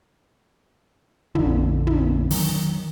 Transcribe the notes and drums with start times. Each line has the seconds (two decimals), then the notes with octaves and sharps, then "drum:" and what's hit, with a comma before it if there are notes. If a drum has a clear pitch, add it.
1.35 A#1 F2 D3, drum: tom
1.87 drum: tom
2.31 D#3 F#3, drum: open hi-hat